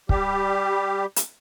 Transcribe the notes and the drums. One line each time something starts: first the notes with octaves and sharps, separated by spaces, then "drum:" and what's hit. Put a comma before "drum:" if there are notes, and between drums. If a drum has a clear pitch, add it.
G3 G4, drum: kick
drum: hi-hat